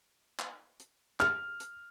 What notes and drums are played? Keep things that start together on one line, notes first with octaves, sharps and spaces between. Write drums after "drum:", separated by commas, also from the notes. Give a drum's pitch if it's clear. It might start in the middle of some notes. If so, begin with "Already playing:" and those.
drum: clap
drum: hi-hat
F6, drum: clap
drum: hi-hat